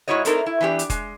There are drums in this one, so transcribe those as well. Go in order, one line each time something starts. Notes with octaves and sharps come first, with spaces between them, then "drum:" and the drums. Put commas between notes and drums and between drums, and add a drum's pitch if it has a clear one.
G#2 F3 E4 F#4 C#5 D#5
A3 C4 D4 D#4 A4 A#4, drum: hi-hat
E4
E3 B3 D4 G4
drum: hi-hat
G#3, drum: kick F1, hi-hat